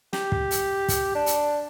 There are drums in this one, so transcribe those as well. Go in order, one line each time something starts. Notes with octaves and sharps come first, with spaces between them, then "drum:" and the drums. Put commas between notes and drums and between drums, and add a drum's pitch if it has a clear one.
G4, drum: snare
drum: kick
drum: hi-hat
drum: kick, hi-hat
D4
drum: hi-hat